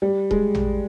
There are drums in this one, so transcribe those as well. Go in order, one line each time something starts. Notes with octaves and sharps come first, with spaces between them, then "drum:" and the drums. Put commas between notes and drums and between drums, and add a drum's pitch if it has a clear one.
G3
G#3, drum: kick D#1
drum: tom